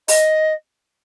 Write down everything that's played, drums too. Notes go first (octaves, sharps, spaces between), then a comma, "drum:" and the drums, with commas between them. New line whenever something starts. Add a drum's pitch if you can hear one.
D#5, drum: open hi-hat